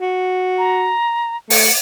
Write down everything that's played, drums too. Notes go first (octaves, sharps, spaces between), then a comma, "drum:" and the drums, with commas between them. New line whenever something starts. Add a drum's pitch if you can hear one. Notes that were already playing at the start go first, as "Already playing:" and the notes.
F#4
A#5
A3 C#7, drum: open hi-hat